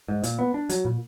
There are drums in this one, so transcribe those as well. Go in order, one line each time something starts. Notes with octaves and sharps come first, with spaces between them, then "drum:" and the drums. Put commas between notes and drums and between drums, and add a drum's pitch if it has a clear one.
G#2
A#2, drum: hi-hat
B3
D4
F#3, drum: hi-hat
A#2